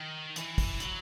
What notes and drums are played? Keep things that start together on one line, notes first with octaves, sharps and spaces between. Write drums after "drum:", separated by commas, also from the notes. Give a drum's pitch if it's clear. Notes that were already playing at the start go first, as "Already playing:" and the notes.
Already playing: D#3
E3, drum: hi-hat
drum: kick, open hi-hat
F#3, drum: hi-hat